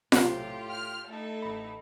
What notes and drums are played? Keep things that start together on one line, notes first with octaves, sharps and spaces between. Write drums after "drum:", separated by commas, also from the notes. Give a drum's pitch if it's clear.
B1 A2 C3 F#3 F4 G4, drum: snare F4
G5 F6
A3 D#4 E4 A4
A1 B5